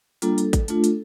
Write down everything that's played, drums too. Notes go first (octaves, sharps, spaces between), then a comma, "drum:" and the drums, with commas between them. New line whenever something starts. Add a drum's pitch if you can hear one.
G3 A#3 D4 F4 A4, drum: hi-hat
drum: hi-hat
drum: kick, hi-hat
A3 D4 F4, drum: hi-hat
drum: hi-hat